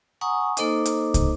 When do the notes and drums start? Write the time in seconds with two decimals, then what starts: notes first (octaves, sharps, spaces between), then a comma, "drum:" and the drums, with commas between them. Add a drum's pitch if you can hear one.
0.21 F#5 G#5 A#5 C#6 D#6
0.57 A#3 D#4 A4 C5 D#5 D6, drum: hi-hat
0.86 drum: hi-hat
1.14 drum: kick, hi-hat